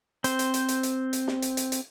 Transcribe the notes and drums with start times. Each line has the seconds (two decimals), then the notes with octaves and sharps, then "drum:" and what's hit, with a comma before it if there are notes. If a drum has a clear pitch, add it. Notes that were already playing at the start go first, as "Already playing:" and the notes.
0.24 C4 C5, drum: hi-hat
0.39 drum: hi-hat
0.54 drum: hi-hat
0.68 drum: hi-hat
0.83 drum: hi-hat
1.13 drum: hi-hat
1.28 drum: snare
1.42 drum: hi-hat
1.57 drum: hi-hat
1.72 drum: hi-hat